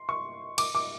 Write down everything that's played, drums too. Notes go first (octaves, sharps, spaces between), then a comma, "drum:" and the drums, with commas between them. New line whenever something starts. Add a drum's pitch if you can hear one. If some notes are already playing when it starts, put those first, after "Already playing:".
Already playing: C6
C#6
D6, drum: cymbal
D6